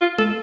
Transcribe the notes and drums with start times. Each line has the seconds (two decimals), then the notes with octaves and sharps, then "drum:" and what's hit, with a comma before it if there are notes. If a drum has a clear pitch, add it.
0.01 F4
0.18 A4, drum: tom G#3